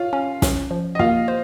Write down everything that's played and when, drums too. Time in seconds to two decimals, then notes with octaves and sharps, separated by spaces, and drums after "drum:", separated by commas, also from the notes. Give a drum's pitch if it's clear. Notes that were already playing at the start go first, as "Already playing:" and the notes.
Already playing: F4 C#5 F5
0.13 C#4
0.42 C#4, drum: snare
0.71 F3
0.95 D#5
0.99 A#3 F4 F5, drum: kick
1.28 C5